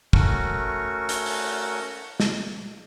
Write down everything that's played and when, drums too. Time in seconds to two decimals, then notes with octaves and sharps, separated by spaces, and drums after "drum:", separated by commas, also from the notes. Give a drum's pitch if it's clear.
0.13 A3 C#4 F#4 A#4 C#6, drum: kick
1.09 drum: hi-hat
1.26 drum: open hi-hat
2.20 drum: snare